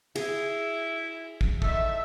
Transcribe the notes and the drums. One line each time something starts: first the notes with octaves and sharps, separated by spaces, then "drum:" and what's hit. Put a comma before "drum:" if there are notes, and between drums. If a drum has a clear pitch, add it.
E4 G#4, drum: cymbal
drum: kick
E2 A3 D#4 E5, drum: kick